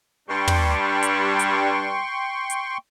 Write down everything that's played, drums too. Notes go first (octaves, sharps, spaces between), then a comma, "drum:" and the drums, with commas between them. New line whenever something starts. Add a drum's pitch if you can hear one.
G2 G3 D4 G5 C6 C#6
drum: tom
drum: hi-hat
drum: hi-hat
drum: hi-hat